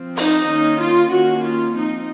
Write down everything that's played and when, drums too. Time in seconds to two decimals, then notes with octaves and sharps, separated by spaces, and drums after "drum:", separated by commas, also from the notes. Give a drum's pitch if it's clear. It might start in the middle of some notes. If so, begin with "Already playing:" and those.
Already playing: F3 C4
0.17 D#4, drum: open hi-hat
0.47 D#3 A#3 C#4
0.80 F4
1.11 D#3 A#3 C#4 F#4
1.43 F4
1.75 F3 C4 D#4